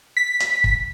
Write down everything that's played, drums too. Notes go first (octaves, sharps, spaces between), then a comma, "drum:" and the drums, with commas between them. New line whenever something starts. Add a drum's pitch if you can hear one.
B6
drum: hi-hat
drum: kick